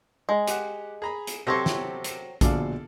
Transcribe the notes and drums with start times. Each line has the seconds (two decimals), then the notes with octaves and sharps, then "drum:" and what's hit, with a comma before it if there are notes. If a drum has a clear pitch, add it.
0.29 G#3
0.48 G4 F#5, drum: hi-hat
1.02 G#4 A#5 B5
1.27 drum: hi-hat
1.47 C3 F#3 C4 G4 A4 C#5 A#6 C7
1.66 drum: snare
2.04 drum: hi-hat
2.41 A#1 B2 D3 A4 D5 F5, drum: kick A#1, hi-hat